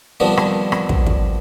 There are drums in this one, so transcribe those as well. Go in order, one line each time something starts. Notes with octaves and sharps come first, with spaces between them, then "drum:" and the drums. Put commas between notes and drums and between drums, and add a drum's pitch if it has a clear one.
D#3 F3 G3 B3 C4 D4
drum: rim click
drum: rim click
drum: kick
drum: kick